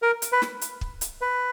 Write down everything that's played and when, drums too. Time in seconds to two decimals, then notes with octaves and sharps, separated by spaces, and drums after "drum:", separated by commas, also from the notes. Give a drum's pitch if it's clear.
0.02 A#4
0.22 drum: hi-hat
0.32 B4
0.42 drum: snare
0.61 drum: hi-hat
0.81 drum: kick
1.01 drum: hi-hat
1.21 B4